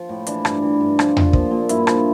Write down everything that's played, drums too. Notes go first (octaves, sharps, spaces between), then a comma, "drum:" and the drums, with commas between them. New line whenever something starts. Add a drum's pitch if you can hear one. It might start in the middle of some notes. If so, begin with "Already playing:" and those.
Already playing: F3
A2
E3 D4, drum: hi-hat
G2, drum: rim click
E3
G2
F3, drum: rim click
A#2, drum: tom E2
F3, drum: kick
A#2
G2 E4, drum: hi-hat
F3, drum: rim click